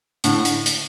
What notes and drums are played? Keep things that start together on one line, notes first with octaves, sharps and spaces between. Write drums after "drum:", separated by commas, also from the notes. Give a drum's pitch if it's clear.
A2 D3, drum: hi-hat
drum: hi-hat
drum: hi-hat